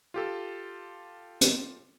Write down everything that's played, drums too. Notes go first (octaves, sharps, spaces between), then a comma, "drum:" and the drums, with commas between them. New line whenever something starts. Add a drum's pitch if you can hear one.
F4 G4 A4
drum: hi-hat